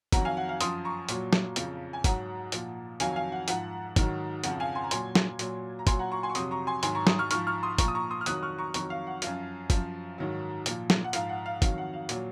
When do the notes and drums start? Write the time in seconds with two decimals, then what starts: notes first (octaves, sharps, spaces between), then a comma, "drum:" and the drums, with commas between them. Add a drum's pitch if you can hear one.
0.12 F2 D#3 F#3 F#5 A#5, drum: kick, hi-hat
0.25 F5 G#5
0.37 F#5
0.49 F5
0.61 F#2 F3 C6 D#6, drum: hi-hat
0.85 A#5 C#6
1.09 A#2 F#3, drum: hi-hat
1.33 drum: snare
1.56 F2 C#3 F3, drum: hi-hat
1.93 G#5
2.04 G#2 F#3 F#5 A#5, drum: kick, hi-hat
2.52 A#2 F3, drum: hi-hat
3.00 F2 D#3 F#3 F5 G#5, drum: hi-hat
3.16 F5 G#5
3.32 F#5
3.48 G#2 F3 F#5, drum: hi-hat
3.96 G#2 D#3 F#3, drum: kick, hi-hat
4.44 F2 C#3 F3 F#5, drum: hi-hat
4.60 F5 G#5
4.75 G#5 C6
4.84 A#5
4.91 A#2 F#3 G#5 C6, drum: hi-hat
5.15 drum: snare
5.39 A#2 F#3, drum: hi-hat
5.79 A#5
5.87 A#2 F#3 G#5 C6, drum: kick, hi-hat
5.99 F#5 A#5
6.11 A#5 C#6
6.23 G#5 C6
6.30 C#6
6.35 F2 C3 F#3 C6 D#6, drum: hi-hat
6.51 A#5 C#6
6.67 G#5 C6
6.83 G#2 D#3 F#3 G#5 C6, drum: hi-hat
6.95 A#5 C#6
7.07 C6 D#6, drum: snare
7.19 C#6 F6
7.31 G#2 F3 C#6 F6, drum: hi-hat
7.47 C#6 F6
7.63 C6 D#6
7.78 A#2 F3 A#5 C#6, drum: kick, hi-hat
7.88 D#6
7.95 A#5 C#6
8.10 C6 D#6
8.21 F6
8.26 F2 D#3 F#3 D#6 F#6, drum: hi-hat
8.43 C#6 F6
8.58 A#5 C#6
8.74 F2 D#3 F#3 A#5 C#6, drum: hi-hat
8.90 F5
9.07 F#5
9.22 F#2 F3 F5, drum: hi-hat
9.70 F#2 F3, drum: kick, hi-hat
10.18 G#2 D#3 F#3
10.66 A#2 F3, drum: hi-hat
10.90 drum: snare
11.04 F#5
11.13 G#2 F3 F5, drum: hi-hat
11.29 F#5
11.46 F5
11.62 F2 D#3 F#3 F5, drum: kick, hi-hat
11.78 F#5
11.93 F5
12.09 A#2 F#3, drum: hi-hat